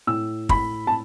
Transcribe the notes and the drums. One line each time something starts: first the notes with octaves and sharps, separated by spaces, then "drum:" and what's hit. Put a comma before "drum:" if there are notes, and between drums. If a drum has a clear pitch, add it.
A2 E6
A2 B5, drum: kick
A5